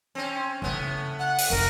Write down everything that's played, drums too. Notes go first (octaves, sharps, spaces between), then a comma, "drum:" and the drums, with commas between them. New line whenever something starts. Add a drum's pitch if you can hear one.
C4 C#4
A2 C#3 A#3 B3
F#5
drum: open hi-hat
F1 A2 A#4